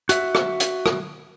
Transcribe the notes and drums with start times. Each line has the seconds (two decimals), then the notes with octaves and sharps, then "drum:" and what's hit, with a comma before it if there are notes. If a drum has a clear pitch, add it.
0.09 F#4 E5, drum: hi-hat
0.35 drum: rim click
0.60 drum: hi-hat
0.86 drum: rim click